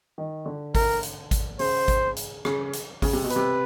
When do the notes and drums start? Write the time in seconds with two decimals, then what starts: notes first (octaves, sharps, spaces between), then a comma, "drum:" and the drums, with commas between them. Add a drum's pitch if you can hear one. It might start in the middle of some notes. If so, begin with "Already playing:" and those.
0.18 D#3
0.46 D3
0.75 A#4, drum: kick G#1, open hi-hat
1.03 drum: hi-hat
1.31 drum: kick G#1, hi-hat
1.59 C#3 C5, drum: open hi-hat
1.88 drum: kick G#1, hi-hat
2.16 drum: hi-hat
2.45 C#3, drum: rim click
2.73 drum: hi-hat
3.02 C#3, drum: kick G#1, open hi-hat
3.13 C3
3.24 B2
3.30 B4, drum: hi-hat
3.36 C3